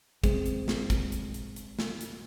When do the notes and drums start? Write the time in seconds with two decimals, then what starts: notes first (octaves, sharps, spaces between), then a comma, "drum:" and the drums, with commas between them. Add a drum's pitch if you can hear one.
0.24 G#3 C4, drum: kick, hi-hat
0.46 drum: hi-hat
0.68 drum: snare
0.90 drum: kick, hi-hat
1.12 drum: hi-hat
1.34 drum: hi-hat
1.56 drum: hi-hat
1.79 drum: snare
2.01 drum: hi-hat